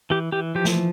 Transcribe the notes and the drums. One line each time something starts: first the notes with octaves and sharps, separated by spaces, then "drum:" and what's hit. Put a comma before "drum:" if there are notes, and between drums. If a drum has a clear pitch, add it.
E3 G4
E3 G4
F3 G4
drum: snare